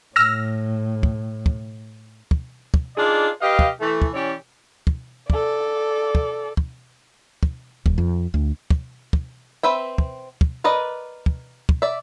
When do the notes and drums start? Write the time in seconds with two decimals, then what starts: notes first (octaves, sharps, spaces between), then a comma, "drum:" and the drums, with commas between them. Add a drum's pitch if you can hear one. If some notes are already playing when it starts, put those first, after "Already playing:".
0.16 A2 E6 F6 A#6
1.03 drum: kick
1.46 drum: kick
2.31 drum: kick
2.74 drum: kick
2.97 D4 D#4 F4 G#4 D5
3.41 G4 B4 D#5 F5
3.59 drum: kick
3.80 E3 A3
4.02 drum: kick
4.14 E3 C#4 G4 C#5 D5
4.87 drum: kick
5.30 A4 D5, drum: kick
6.15 drum: kick
6.57 drum: kick
7.43 drum: kick
7.86 D#1, drum: kick
7.98 F2
8.34 D2
8.70 drum: kick
9.13 drum: kick
9.63 C4 B4 E5 G5
9.98 drum: kick
10.41 drum: kick
10.64 A#4 B4 D5 D#5
11.26 drum: kick
11.69 drum: kick
11.82 D5 E5